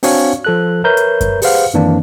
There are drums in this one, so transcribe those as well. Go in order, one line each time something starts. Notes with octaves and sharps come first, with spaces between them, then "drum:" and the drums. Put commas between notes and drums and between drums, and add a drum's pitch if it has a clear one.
C4 D4 F#4 C#5 F5 G#5, drum: open hi-hat
F3 A4 F#6
A#4 B4 C#5 E5 A#5 G6
drum: hi-hat
drum: kick F#2, hi-hat
G4 G#4 B4 C5 F5 F#5, drum: open hi-hat
F#2 D#3 E3 A#3 C4 D4